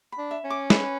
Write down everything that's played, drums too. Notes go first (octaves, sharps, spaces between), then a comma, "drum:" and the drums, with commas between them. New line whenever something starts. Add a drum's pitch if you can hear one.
B5
D4
E5
C#4
D6
B4, drum: snare